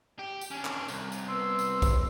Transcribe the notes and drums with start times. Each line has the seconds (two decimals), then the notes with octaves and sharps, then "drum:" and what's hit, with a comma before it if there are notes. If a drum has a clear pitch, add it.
0.19 G4
0.41 drum: tambourine
0.51 C#4 D4
0.65 drum: clap
0.88 C2, drum: tambourine
1.12 drum: tambourine
1.29 B3 C6 E6
1.59 drum: tambourine
1.82 drum: kick A#1, tambourine